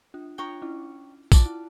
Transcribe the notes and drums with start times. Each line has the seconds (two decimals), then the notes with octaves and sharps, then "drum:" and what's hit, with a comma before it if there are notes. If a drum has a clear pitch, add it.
0.14 D4 F4
0.38 D4 F4 C#5 G5 A#5 C#6
0.62 C#4 E4
1.32 F4 D5 A5 D6, drum: kick A#1, tambourine
1.46 E4